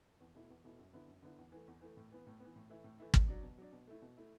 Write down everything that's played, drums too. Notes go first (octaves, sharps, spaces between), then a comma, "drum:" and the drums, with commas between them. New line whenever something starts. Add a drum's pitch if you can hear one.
E2
B2 A3 E4
E2
B2 A3 E4
F#2
D3 B3 E4
F#2
D3 B3 E4
E2
E3 A3
E2
E3 A3
A2
E3 B3
A2
E3 B3
A2
E3 A3 E4
A2
E3 A3 E4
B2, drum: kick
F#3 D4
B2
F#3 D4
B2
A3 E4
B2
A3 E4